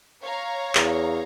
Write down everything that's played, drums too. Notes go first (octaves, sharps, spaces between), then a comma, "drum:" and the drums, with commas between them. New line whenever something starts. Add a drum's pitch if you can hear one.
C#5 F5 A#5
E2, drum: clap